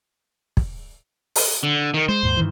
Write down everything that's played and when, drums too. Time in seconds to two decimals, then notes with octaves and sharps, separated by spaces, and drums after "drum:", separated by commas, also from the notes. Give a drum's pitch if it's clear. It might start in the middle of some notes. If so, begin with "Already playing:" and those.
0.57 drum: kick
1.36 drum: open hi-hat
1.63 D3
1.94 D#3
2.09 G#3 C5
2.23 D#2 G#2
2.37 G2 D#3 E3